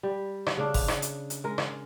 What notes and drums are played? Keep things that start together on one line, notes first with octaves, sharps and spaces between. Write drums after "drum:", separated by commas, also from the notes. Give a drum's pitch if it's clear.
G3
drum: rim click
C#3 D4
drum: kick F#1, open hi-hat
drum: rim click
drum: hi-hat
drum: hi-hat
G#3 A#4
drum: rim click